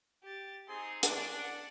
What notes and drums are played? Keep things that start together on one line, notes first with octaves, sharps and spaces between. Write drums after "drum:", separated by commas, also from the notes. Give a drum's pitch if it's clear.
G4 A6
C4 D#4 G#4 C6
D4 C#5 G#5, drum: hi-hat
D5 F#5